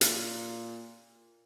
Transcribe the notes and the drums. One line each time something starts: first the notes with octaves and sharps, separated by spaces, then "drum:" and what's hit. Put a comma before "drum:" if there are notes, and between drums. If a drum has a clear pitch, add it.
A#2, drum: hi-hat